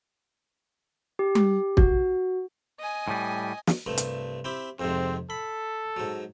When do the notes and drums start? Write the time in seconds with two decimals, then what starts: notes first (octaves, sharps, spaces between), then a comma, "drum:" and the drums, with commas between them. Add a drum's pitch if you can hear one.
1.19 G4
1.35 drum: tom G3
1.77 F#4, drum: kick
2.79 D#5 G#5
3.08 A2 G3
3.67 drum: snare
3.86 C2 G2 A3
3.98 drum: hi-hat
4.45 C4 E4 G4
4.80 F2 G#2 C3 C4
5.30 A4 B5
5.97 G#2 F#3